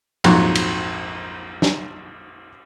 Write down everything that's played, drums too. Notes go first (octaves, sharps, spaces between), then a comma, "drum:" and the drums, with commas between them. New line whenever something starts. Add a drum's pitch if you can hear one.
A#1 F2 G#2 F#3 F#5 C#6, drum: cymbal
drum: cymbal
drum: snare